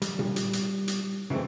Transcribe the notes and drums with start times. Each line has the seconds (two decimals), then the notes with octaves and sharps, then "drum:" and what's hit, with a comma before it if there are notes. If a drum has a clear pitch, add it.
0.02 G3, drum: hi-hat
0.19 drum: tom A#2
0.36 drum: hi-hat
0.53 drum: hi-hat
0.88 drum: hi-hat
1.30 C#3 E3 F#3 A3 C4